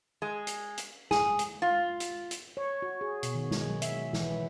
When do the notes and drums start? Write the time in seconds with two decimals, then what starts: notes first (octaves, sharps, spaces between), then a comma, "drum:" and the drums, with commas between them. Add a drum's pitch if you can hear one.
0.22 G#3
0.47 drum: hi-hat
0.77 drum: hi-hat
1.11 G#4, drum: snare
1.39 drum: hi-hat
1.62 F4
2.00 drum: hi-hat
2.31 drum: hi-hat
2.57 C#5
2.82 F#4
3.01 G#4
3.23 B2, drum: hi-hat
3.34 D#3
3.51 G#3, drum: snare
3.67 F#3
3.82 E5, drum: hi-hat
4.13 E3, drum: snare